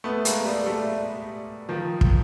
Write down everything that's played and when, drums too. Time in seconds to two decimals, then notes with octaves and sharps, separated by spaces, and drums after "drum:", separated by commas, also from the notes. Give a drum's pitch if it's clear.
0.04 A3 B3
0.25 G#3 A#3, drum: hi-hat
0.45 G3 A3
0.66 G3 A3
1.69 D#3 F3
2.01 drum: kick